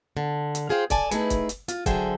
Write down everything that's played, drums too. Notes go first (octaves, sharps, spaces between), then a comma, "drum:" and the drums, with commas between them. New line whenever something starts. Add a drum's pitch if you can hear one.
D3
drum: hi-hat
F4 G#4 C5 F5 G5
A4 D5 G#5 A5, drum: kick, hi-hat
A3 D#4 E4 G#4 B4, drum: hi-hat
drum: kick, hi-hat
drum: hi-hat
F4, drum: hi-hat
D3 F#3 G#4 C5 E5 G5, drum: kick, hi-hat